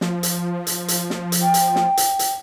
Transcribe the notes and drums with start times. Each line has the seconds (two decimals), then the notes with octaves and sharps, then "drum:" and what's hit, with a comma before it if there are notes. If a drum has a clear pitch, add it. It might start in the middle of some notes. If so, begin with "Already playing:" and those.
0.01 F3, drum: snare
0.23 drum: hi-hat
0.67 drum: hi-hat
0.88 drum: hi-hat
1.10 drum: snare
1.32 drum: hi-hat
1.42 G5
1.54 drum: hi-hat
1.76 drum: snare
1.97 drum: hi-hat
2.19 drum: hi-hat